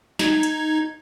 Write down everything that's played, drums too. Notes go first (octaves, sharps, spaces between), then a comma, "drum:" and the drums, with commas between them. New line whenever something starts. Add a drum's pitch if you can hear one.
D#4 G#6, drum: snare
drum: hi-hat